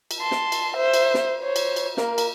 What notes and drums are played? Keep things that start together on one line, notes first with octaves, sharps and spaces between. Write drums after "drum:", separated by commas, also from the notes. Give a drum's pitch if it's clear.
drum: cymbal
A5 C6
drum: snare
drum: cymbal
C5 E5
drum: cymbal
drum: snare
C5 C#5
drum: cymbal
drum: cymbal
A#3 A#4, drum: snare
drum: cymbal